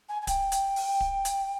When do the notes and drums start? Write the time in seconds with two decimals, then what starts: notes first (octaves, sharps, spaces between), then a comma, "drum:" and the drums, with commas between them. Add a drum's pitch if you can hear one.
0.09 G#5
0.22 G#5
0.27 G5, drum: kick D1, hi-hat
0.52 drum: hi-hat
0.76 drum: open hi-hat
1.00 drum: kick D1
1.25 drum: hi-hat